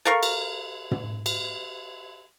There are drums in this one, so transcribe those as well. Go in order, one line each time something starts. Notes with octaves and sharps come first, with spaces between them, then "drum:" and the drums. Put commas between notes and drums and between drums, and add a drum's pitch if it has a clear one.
A4 A#4 F5 C#6
drum: cymbal
drum: tom
drum: cymbal